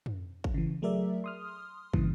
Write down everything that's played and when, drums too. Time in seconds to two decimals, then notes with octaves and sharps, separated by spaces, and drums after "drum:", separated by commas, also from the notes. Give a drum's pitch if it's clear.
0.06 drum: tom
0.44 drum: kick
0.54 C#3 E3
0.82 F#3 A3 G#4 A#4 D5 E5
1.24 C6 D#6 F6
1.94 G2 A#2 C#3 E3, drum: kick